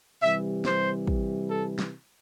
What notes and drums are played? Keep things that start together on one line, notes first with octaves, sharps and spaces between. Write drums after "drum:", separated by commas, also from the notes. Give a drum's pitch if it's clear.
C3 E3 G3 E5
C5, drum: snare
drum: kick
A4
drum: snare